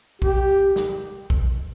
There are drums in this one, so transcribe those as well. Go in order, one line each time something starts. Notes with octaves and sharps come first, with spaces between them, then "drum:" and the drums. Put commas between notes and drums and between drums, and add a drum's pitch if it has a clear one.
G4, drum: kick
drum: snare
drum: kick